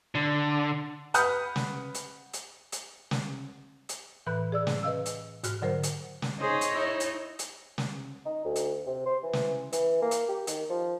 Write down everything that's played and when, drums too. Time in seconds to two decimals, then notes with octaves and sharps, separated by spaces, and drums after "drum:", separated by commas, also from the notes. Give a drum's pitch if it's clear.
0.15 D3
1.14 B4 F#5 B5 D#6 F6 G6, drum: hi-hat
1.56 drum: snare
1.94 drum: hi-hat
2.33 drum: hi-hat
2.72 drum: hi-hat
3.11 drum: snare
3.89 drum: hi-hat
4.26 A2 E3 B4 B5 F#6
4.52 G#4 D5 E6
4.67 drum: snare
4.83 B4 D#5 F5 E6
5.06 drum: hi-hat
5.44 G#2 F#4 F6, drum: hi-hat
5.62 D3 F#3 A#4 C5
5.83 drum: hi-hat
6.22 drum: snare
6.41 D#4 G#4 C5 C#5
6.61 drum: hi-hat
6.73 E4
7.00 drum: hi-hat
7.39 drum: hi-hat
7.78 drum: snare
8.26 D#4
8.45 D2
8.56 drum: hi-hat
8.86 C3
9.06 C5
9.23 E3
9.33 drum: snare
9.73 E3, drum: hi-hat
10.02 A#3
10.11 drum: hi-hat
10.28 G4
10.47 D#3, drum: hi-hat
10.69 F3